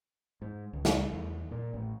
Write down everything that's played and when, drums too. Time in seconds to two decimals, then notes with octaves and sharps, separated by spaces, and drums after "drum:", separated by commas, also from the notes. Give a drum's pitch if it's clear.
0.42 G#2
0.73 C#2
0.85 drum: snare
1.13 E2
1.51 A#2
1.74 A1